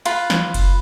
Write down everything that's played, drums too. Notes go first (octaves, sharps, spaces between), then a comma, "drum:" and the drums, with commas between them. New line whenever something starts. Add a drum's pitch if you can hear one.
F4 B4 B5, drum: cymbal
drum: snare
drum: kick F#1, cymbal